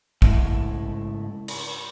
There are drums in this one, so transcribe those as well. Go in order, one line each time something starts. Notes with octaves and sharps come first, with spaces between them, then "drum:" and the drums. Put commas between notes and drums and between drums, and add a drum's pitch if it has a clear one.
G#2 C#3 G#3 A3 E4, drum: kick
drum: cymbal